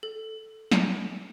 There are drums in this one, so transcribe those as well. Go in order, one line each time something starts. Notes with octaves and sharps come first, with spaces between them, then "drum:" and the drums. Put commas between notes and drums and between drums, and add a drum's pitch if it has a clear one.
A4
drum: snare